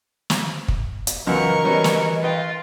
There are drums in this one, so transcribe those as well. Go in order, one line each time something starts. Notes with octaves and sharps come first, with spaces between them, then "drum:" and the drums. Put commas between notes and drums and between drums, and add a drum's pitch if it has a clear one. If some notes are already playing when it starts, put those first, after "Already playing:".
drum: snare
drum: kick
drum: hi-hat
C#2 F#2 E3 A#4 D#5 F#5 C#6
E3 F#3 G3 C#4
drum: snare
F4 B4 D#5 G5